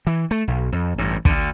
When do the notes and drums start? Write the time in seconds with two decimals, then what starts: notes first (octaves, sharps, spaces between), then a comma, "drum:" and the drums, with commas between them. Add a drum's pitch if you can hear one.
0.07 E3
0.31 A3
0.48 B1
0.72 F2
0.98 A1 G2
1.25 D2 D3, drum: kick